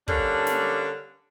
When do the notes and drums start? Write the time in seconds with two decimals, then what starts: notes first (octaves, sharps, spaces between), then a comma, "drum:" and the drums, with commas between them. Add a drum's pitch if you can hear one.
0.08 D3 G3 A#3 C#4 D4, drum: kick
0.47 drum: snare